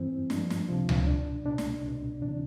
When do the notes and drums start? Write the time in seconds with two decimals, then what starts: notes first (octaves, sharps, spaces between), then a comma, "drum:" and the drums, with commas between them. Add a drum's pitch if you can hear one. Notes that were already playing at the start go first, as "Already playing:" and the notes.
Already playing: G2 E3 C4
0.30 G2 F3 D4, drum: snare
0.50 drum: snare
0.68 D2 C3 F3
0.89 drum: tom C#2
1.06 C2 B2 D4
1.45 C2 B2 D4
1.58 drum: snare
1.84 C2 B2
2.21 D2 C3 E3 D4